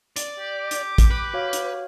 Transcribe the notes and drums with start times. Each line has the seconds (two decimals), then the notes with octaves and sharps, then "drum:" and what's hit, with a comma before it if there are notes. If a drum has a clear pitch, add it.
0.16 D5, drum: hi-hat
0.39 G4 D6
0.71 drum: hi-hat
0.98 drum: kick, hi-hat
1.11 B4
1.34 F#4 C#5 F5
1.53 drum: hi-hat